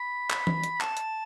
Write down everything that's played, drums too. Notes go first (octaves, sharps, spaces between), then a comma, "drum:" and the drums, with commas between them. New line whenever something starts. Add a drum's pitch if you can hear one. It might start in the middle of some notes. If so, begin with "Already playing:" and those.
Already playing: B5
drum: clap
drum: tom E3
drum: hi-hat
A5, drum: clap
drum: hi-hat